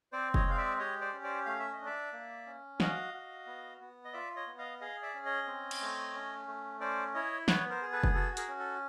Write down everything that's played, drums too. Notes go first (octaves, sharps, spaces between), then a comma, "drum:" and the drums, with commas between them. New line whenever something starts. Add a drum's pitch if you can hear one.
C4 C5 D5
C#5 D#5, drum: kick F1
G#3 F5
D5 E5
G4 C#5 D#5
C5 D5
C#4
C5 D5
A3 F5
E5
D#5
D4
D5 E5
A#3
C#4
F#4 D#5 F5, drum: snare
F#4
B3
B3
D#5
F4 D5 E5
C#5 D#5
B3
D#5 F5
G#4 D#5 F5
D5 E5
C#4
C#5 D#5
C4
drum: cymbal
A3
C#4
A3
C#4 C5 D5
E4 C#5 D#5
B3 B4 C#5, drum: snare
A#4 C5
G#4
A4 B4
drum: kick F1
F#4 A4
G#4 A#4, drum: hi-hat
C#4
A4